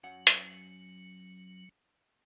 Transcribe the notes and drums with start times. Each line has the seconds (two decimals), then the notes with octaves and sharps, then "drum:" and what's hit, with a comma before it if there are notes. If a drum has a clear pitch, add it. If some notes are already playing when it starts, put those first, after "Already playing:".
0.03 F#2 F#3 F#5
0.27 drum: hi-hat